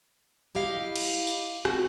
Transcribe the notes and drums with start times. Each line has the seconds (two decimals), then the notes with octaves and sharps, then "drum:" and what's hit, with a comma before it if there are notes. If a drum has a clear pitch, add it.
0.55 E4 G4 D#5 F5
0.96 drum: cymbal
1.27 drum: tambourine
1.65 C4 F#4, drum: rim click